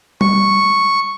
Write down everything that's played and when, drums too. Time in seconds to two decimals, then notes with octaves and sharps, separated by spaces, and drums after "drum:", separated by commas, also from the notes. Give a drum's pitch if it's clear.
0.21 C#6, drum: tom G3